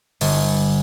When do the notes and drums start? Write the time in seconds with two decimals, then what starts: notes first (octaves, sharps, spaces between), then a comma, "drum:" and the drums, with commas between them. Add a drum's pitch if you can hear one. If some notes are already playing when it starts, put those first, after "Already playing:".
0.21 G1, drum: open hi-hat